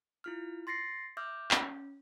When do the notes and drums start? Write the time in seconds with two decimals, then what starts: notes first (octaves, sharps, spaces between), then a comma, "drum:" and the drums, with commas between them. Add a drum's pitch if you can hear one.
0.24 E4 F4 F6
0.67 C6 A6 A#6 C7 C#7
1.17 E5 D6 E6 F6 G6
1.51 C#4, drum: clap